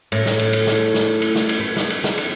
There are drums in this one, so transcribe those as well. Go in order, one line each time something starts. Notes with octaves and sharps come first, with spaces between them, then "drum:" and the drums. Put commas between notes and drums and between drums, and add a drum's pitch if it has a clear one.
A2, drum: cymbal
drum: snare
drum: cymbal
drum: cymbal
drum: snare
drum: snare
drum: cymbal
drum: snare
drum: cymbal
B3
drum: snare
drum: cymbal
drum: snare
drum: cymbal